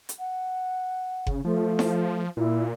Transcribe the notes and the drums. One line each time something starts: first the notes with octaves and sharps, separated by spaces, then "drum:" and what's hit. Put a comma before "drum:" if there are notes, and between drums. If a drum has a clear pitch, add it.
drum: hi-hat
F#5
C#3, drum: kick F#1
F3 A3
drum: snare E4
A#2 E4